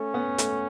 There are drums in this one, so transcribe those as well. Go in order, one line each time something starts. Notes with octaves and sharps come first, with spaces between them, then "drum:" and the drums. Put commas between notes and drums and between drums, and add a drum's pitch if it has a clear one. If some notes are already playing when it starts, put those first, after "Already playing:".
Already playing: A3 C#4
B3
A3, drum: hi-hat